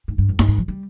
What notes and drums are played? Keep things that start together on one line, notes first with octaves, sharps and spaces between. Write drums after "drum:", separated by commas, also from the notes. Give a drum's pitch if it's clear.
G#2
G2
F2
G2, drum: snare D#4
G#2
F3
G3